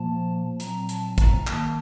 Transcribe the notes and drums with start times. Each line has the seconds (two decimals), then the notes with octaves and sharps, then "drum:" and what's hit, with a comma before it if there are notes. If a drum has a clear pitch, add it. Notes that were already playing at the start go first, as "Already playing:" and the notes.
Already playing: A#2 F3 A#3 A5
0.60 A#2 F#3 C4 A#5, drum: hi-hat
0.89 A5, drum: hi-hat
1.18 A#5, drum: kick, hi-hat
1.47 D#3 A#3 A5, drum: clap